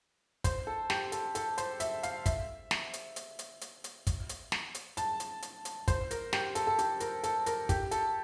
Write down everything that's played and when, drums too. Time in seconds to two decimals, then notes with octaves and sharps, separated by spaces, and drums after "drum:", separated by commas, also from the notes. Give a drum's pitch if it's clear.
0.44 C5, drum: kick, hi-hat
0.67 A4
0.90 G4, drum: snare
1.12 A4, drum: hi-hat
1.35 A4, drum: hi-hat
1.58 C5, drum: hi-hat
1.80 E5, drum: hi-hat
2.03 F5, drum: hi-hat
2.26 E5, drum: kick, hi-hat
2.71 drum: snare
2.93 drum: hi-hat
3.16 drum: hi-hat
3.39 drum: hi-hat
3.61 drum: hi-hat
3.84 drum: hi-hat
4.07 drum: kick, hi-hat
4.29 drum: hi-hat
4.52 drum: snare
4.75 drum: hi-hat
4.97 A5, drum: hi-hat
5.20 drum: hi-hat
5.42 drum: hi-hat
5.65 drum: hi-hat
5.88 C5, drum: kick, hi-hat
6.11 A#4, drum: hi-hat
6.33 G4, drum: snare
6.55 A4, drum: hi-hat
6.67 A4
6.79 G4, drum: hi-hat
7.00 A#4, drum: hi-hat
7.23 A4, drum: hi-hat
7.46 A#4, drum: hi-hat
7.69 G4, drum: kick, hi-hat
7.91 A4, drum: hi-hat